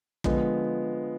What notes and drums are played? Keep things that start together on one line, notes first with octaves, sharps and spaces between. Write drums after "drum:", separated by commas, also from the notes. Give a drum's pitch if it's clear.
D3 F3 G#3 B3, drum: kick